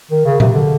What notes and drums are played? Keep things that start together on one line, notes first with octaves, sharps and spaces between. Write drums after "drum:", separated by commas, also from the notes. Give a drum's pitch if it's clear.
D#3
C#3
C3, drum: tom A#2
D3